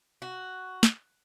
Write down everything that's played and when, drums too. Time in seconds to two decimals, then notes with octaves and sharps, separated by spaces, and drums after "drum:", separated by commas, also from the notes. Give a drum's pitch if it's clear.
0.22 F#4
0.83 drum: snare